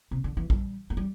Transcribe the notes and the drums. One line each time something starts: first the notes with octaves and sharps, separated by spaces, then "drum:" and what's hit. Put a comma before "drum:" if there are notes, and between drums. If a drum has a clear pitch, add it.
C3
D3
E3
G3, drum: kick A#1
A3
G3